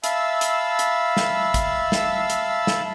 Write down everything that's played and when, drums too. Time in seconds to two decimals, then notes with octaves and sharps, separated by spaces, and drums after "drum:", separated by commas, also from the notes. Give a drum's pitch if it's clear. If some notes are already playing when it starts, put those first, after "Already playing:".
0.04 E5 F5 A5 B5 E6, drum: hi-hat
0.41 drum: hi-hat
0.79 drum: hi-hat
1.17 drum: snare
1.54 drum: kick, hi-hat
1.92 drum: snare
2.30 drum: hi-hat
2.67 drum: snare